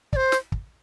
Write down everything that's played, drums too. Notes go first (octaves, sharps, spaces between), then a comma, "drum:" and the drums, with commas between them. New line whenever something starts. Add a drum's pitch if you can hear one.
D5, drum: kick
C5
drum: snare
drum: kick